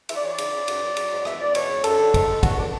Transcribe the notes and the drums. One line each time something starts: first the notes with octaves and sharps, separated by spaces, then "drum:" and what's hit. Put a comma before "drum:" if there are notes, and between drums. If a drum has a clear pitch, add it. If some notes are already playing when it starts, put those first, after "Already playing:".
E3 E5, drum: cymbal
D5
E3 C#5
D5
C#3, drum: cymbal
C#3
F#2, drum: cymbal
F#2
F#3, drum: cymbal
G#2
E2 E5, drum: rim click
E2 D5
B2 C#5, drum: cymbal
C#2
F#2 A4, drum: cymbal
D3
G#2, drum: kick, cymbal
G#2
C#2 F#4, drum: kick, cymbal
B2 D4